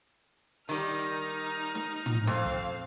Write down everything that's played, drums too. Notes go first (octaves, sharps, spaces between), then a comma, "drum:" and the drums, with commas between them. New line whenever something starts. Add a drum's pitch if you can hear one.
D#3 G3 D#4 F6, drum: open hi-hat
drum: snare
drum: tom
F2 C4 F5, drum: snare
drum: kick